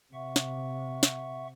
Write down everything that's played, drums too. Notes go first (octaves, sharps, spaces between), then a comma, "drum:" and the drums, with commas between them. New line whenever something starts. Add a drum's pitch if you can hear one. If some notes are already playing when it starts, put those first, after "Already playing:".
C3 E5 F#5 C#6
drum: snare
drum: snare